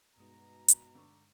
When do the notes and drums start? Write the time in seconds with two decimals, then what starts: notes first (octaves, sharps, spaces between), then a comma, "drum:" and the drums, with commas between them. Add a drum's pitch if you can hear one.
0.18 G2 B2 G#3 D#4 A#5
0.68 drum: hi-hat
0.95 D3 C#6